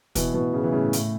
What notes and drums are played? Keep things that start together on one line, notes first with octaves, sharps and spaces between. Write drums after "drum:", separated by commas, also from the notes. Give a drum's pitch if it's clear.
B2 E3, drum: kick, hi-hat
B2 E3
C#3
E3
A2 C#3
A2, drum: hi-hat